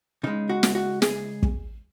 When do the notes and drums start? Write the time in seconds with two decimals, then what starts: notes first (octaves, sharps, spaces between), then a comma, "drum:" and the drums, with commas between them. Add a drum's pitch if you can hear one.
0.23 C#3 G#3 D#4
0.49 F#4
0.63 drum: snare
0.75 F#4
1.02 G#4, drum: snare
1.43 drum: kick